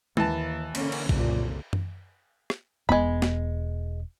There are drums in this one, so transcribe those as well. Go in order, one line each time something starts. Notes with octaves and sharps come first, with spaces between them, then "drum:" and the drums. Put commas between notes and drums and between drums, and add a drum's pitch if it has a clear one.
D#2 E3 A5, drum: tom G#3
D3 A#3 C#4, drum: cymbal
drum: cymbal
F#1 C2 A#2 D3, drum: kick
drum: tom F#2
drum: rim click
E1 G#3 B3 B5
drum: snare